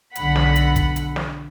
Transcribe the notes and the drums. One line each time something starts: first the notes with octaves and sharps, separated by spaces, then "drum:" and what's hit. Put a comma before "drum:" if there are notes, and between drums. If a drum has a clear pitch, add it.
B1 D3 F#5 B5, drum: hi-hat
drum: snare
drum: hi-hat
drum: kick, hi-hat
drum: hi-hat
drum: snare